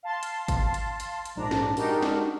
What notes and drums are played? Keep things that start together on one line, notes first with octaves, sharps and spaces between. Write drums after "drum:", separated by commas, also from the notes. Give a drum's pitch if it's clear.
F5 A5 C6
drum: hi-hat
drum: kick G#1, hi-hat
drum: hi-hat
drum: hi-hat
drum: hi-hat
A#1 G#2 D4 A#5
drum: snare
G#3 D4 D#4 F#4 G4 A#4, drum: open hi-hat
drum: snare